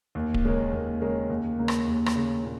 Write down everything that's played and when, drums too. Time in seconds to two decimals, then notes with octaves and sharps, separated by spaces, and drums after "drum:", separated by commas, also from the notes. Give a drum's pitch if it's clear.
0.15 D#2
0.34 drum: kick D1
0.44 C#3 G#3 C#4 A#4
0.73 D#2
1.01 C#3 G#3 C#4 A#4
1.30 D#2
1.59 C#3 A#3
1.68 drum: rim click
1.87 D#2
2.06 drum: rim click
2.16 C#3 A#3
2.44 A#2